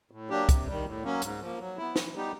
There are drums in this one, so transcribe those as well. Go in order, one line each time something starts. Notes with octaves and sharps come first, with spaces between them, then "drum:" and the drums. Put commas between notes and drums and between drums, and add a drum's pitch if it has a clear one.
A2
F#3 A#3 D4 G4
C3, drum: kick C2, hi-hat
D#3 G3
A2
F#3 A#3 C#4
G#2, drum: hi-hat
F3 A#3
F#3
B3 E4
E3, drum: snare
G3 B3 D#4 G4